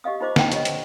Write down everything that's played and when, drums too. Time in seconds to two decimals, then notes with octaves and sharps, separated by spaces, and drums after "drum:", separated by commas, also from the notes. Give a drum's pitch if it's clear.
0.04 G4 D#5 F5 D#6
0.20 D#4 F4 C5 D#5 D6
0.36 D4 D#4 F4 F#5 G5 A5, drum: snare
0.52 G4 C#5 D#5, drum: hi-hat
0.65 drum: hi-hat